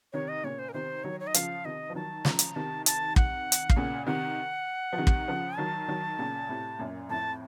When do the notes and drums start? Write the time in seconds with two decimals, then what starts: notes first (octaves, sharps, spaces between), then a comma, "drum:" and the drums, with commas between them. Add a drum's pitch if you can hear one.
0.13 C3 D#3 C#5
0.28 D#5
0.44 A#2 C#3 C#5
0.59 C5
0.69 A#4
0.73 C3 D#3 C5
1.04 D#3 F#3 C#5
1.20 C#5
1.27 D#5
1.34 C#3 F3 F5, drum: hi-hat
1.64 C3 D#3 D#5
1.90 F3
1.95 D#3 F#3 A5
2.25 C#3 F3 A#5, drum: snare
2.39 drum: hi-hat
2.55 C3 D#3 A5
2.86 A5, drum: hi-hat
3.16 F#5, drum: kick
3.52 drum: hi-hat
3.70 F5, drum: kick
3.76 A#2 C#3 F#5
4.06 C3 D#3 F#5
4.93 F3
4.98 C3 D#3
5.07 drum: kick
5.28 C#3 F3
5.57 D#3 F#3 A5
5.88 D#3 F#3
6.19 A#2 C#3
6.49 A2 C3
6.79 F#2 A#2
7.09 F2 A2 A5